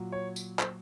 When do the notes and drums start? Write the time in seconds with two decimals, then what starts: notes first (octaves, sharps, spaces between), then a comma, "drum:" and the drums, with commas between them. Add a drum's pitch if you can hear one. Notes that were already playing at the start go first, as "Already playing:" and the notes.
Already playing: A#2 F#3
0.12 C#5
0.36 drum: tambourine
0.59 C5, drum: clap